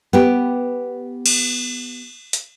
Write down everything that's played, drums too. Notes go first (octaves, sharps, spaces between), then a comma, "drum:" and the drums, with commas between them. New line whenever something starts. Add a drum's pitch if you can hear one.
B3 G4
drum: cymbal
drum: hi-hat